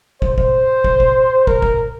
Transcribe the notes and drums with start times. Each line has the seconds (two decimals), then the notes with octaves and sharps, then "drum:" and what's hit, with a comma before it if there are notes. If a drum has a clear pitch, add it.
0.22 C5, drum: kick
0.38 drum: kick
0.84 drum: kick
1.00 drum: kick
1.47 A#4, drum: kick
1.62 drum: kick